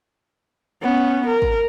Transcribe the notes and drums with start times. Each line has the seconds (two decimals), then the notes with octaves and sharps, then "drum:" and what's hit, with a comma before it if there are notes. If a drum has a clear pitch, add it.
0.82 B3 C#4
1.26 A#4
1.42 drum: kick